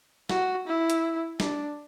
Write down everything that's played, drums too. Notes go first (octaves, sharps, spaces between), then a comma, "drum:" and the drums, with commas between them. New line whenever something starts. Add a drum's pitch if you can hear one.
F#4, drum: snare
E4
drum: hi-hat
D4, drum: snare